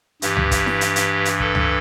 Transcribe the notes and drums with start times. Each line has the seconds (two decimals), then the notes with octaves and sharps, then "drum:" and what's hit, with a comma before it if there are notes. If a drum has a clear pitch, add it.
0.22 G2 E3 G4, drum: hi-hat
0.37 drum: tom C#2
0.51 drum: kick, hi-hat
0.66 drum: snare E4
0.81 drum: hi-hat
0.96 drum: hi-hat
1.25 drum: hi-hat
1.40 A4, drum: kick
1.55 drum: tom C#2